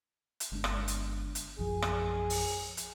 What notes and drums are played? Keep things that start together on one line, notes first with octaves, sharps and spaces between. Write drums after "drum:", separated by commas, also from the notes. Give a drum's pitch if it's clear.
drum: hi-hat
G1 G#3 D4
drum: rim click
drum: hi-hat
drum: hi-hat
A#1 F#2 F3 G#4
drum: rim click
drum: open hi-hat
drum: hi-hat